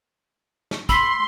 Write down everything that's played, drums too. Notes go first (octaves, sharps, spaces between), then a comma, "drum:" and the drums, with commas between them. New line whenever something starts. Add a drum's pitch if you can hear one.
drum: snare
B5 C6 E6 B6, drum: kick